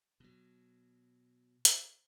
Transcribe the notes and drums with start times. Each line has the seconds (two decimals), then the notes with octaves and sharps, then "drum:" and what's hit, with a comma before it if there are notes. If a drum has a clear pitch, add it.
0.20 B2 F#3
1.65 drum: hi-hat